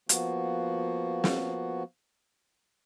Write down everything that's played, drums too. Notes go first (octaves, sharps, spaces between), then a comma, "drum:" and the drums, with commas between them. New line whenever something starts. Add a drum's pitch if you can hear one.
F3 A#3 B3 F#4, drum: hi-hat
drum: snare